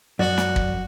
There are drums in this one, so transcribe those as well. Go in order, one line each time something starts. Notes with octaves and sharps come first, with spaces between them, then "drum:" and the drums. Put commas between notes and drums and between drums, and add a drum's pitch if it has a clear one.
F#2 F#4 D5
drum: snare
drum: kick